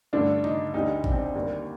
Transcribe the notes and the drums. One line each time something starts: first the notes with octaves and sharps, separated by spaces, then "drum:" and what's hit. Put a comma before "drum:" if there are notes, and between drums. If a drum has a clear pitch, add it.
G2 D3 A3 D4
D#4, drum: tom C#3
D2 D3 G3 D#4
D4, drum: kick A1
C4
D4
D#2 D3 G3 A#3 D4